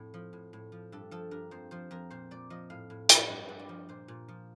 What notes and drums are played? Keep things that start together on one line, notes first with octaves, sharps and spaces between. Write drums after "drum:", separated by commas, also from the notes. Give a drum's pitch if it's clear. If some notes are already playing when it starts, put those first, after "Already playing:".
Already playing: F2 A2
F3
A2
A2
F3
G2 A4
F3 A4
G2 A#4
F2 C5
F3 C5
F2 A#4
A#2 C5
A#2 D5
F3 D#5
A2 F5
A2
F3, drum: hi-hat
G2
G2
D5
F3
A#2 C5
A#2
F3